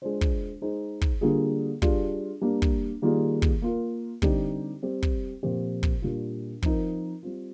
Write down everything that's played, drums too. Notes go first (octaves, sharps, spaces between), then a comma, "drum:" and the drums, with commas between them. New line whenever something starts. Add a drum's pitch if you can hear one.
G#3 D4 F4 C5
drum: kick
G#3 D#4 G#4 C5
drum: kick
D3 G3 A#3 F4 G#4
G3 D4 F4 G#4, drum: kick
G3 A#3 D4
drum: kick
D#3 G3 A#3 F4 G#4
drum: kick
A#3 F4 A#4
D3 G3 C4 D#4 G4, drum: kick
G3 C4 G4
drum: kick
A#2 F3 C4 G4 C5
drum: kick
A#2 G3 D4 F4
F3 C4 D#4 A#4, drum: kick
G3 C4 F4